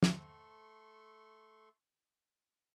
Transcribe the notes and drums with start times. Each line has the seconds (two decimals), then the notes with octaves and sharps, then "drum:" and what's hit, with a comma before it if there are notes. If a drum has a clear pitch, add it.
0.03 A3 A4 C6 C#6, drum: snare